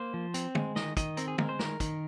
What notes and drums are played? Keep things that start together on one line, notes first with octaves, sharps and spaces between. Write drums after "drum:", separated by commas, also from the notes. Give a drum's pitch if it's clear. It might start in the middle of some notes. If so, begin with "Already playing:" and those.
Already playing: A#3 C5
F3
C4, drum: hi-hat
G#3, drum: tom
D#3 D#5, drum: snare
D#3 D#5, drum: kick, hi-hat
C4 A#4, drum: hi-hat
G#4
G#3 A#4, drum: tom
C5
D#3 A#4, drum: snare
D#3, drum: kick, hi-hat